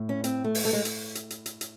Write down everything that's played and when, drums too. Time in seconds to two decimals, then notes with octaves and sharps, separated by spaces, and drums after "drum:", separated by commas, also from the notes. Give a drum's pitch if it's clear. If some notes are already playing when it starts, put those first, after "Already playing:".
Already playing: A2
0.09 C#4
0.24 C4, drum: hi-hat
0.44 A3
0.55 drum: open hi-hat
0.65 A3
0.73 G#3
0.85 drum: hi-hat
1.15 drum: hi-hat
1.30 drum: hi-hat
1.46 drum: hi-hat
1.61 drum: hi-hat